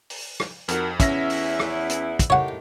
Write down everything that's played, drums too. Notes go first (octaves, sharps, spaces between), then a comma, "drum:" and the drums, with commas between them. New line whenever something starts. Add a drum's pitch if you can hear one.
drum: open hi-hat
drum: rim click
F2 D#4 F#4 A#4, drum: hi-hat
E2 C#4 E4 E5 A#6, drum: kick, hi-hat
drum: open hi-hat
drum: rim click
drum: hi-hat
drum: kick, hi-hat
A2 D#3 G4 C#5 F#5